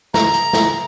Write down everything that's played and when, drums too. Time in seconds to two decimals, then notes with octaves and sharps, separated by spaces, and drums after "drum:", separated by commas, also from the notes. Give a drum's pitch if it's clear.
0.14 A#5, drum: snare
0.34 drum: hi-hat
0.53 drum: snare